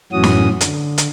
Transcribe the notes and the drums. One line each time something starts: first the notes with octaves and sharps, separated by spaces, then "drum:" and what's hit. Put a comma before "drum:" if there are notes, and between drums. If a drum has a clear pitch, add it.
F#2 A2 E3 C#4 F#4 D#6
drum: snare
D3, drum: hi-hat
drum: hi-hat